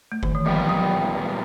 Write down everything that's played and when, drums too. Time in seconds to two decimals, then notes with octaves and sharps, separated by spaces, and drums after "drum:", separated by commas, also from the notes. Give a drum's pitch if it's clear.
0.12 A3
0.23 D#3, drum: kick F#1
0.35 E3
0.46 A#2 F3 G3 B3
0.69 F#3